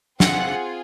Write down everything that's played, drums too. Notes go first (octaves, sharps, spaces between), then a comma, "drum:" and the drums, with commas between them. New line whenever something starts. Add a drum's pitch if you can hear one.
C4 F4 G#4 F#5, drum: snare